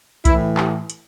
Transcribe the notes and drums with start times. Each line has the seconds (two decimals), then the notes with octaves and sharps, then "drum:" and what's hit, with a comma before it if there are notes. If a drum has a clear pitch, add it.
0.25 A2 E3 E4, drum: kick B1, hi-hat
0.57 G4, drum: clap
0.90 drum: hi-hat